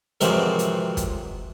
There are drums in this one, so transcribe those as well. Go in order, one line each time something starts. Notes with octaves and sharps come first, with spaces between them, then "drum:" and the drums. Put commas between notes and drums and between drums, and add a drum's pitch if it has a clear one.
F2 G#2 C3 D#3 E3 F#3, drum: hi-hat
drum: hi-hat
drum: kick, hi-hat